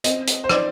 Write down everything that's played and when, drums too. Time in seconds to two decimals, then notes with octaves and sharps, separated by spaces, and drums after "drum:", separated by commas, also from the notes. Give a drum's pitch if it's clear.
0.04 C4 D#5, drum: hi-hat
0.27 drum: hi-hat
0.44 C5
0.49 D#4 D5, drum: rim click